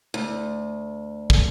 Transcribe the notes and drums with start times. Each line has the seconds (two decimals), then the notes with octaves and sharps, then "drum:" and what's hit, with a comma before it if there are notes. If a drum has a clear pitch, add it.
0.14 D2
1.30 drum: kick